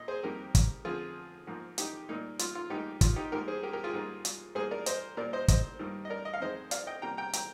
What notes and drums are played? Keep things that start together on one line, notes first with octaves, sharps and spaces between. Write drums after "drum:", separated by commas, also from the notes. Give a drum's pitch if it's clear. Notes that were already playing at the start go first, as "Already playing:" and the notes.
Already playing: A#2 D#5
G#4 C5
F2 D#3 G3 A#3 G4 A#4
drum: kick, hi-hat
F2 D3 F3 F4 G#4
G#2 F3 A#3
D#4 G4, drum: hi-hat
A#2 G3 A#3 D#4
F4, drum: hi-hat
F4
G#2 G3 A#3 D#4 G4
F4, drum: kick, hi-hat
D#4 G4
G#2 D#3 G3 A#3 G4 A#4
G#4 C5
G4 A#4
G4 A#4
F4 G#4
G#2 D#3 G3 A#3
drum: hi-hat
G#2 G3 A#3 G#4 C5
A#4 D5
C5 D#5, drum: hi-hat
A#2 G3 A#3 A#4 D5
C5 D#5
C5 D#5, drum: kick, hi-hat
G2 D#3 G3 A#3
D#5
A#4 D5
D#5
F5
F2 D#3 G#3 C5 D#5
D5 F5, drum: hi-hat
D#5 G5
C3 G3 A#3 G5 A#5
G5 A#5
G5 A#5, drum: hi-hat